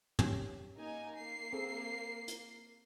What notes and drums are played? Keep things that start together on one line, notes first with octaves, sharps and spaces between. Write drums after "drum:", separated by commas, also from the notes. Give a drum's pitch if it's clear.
C#4 G4, drum: tom
A#3 D#4 G#5
A#3 C7
C4 G#4 A4
drum: hi-hat